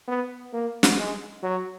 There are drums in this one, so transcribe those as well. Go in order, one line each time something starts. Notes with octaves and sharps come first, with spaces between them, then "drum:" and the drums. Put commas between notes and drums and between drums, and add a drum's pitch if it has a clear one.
B3
A#3
drum: snare
G#3
F#3